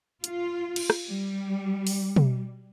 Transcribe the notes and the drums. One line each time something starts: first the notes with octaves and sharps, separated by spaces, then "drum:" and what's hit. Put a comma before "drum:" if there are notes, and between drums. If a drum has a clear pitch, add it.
F4, drum: hi-hat
drum: cymbal
drum: rim click
G3
drum: open hi-hat
drum: tom